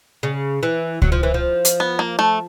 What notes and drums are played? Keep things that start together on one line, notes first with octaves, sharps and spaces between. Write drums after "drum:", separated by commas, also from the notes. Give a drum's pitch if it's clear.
C#3
E3
F#3, drum: kick C#2
F3
E3
F3
drum: hi-hat
B3
A#3
A3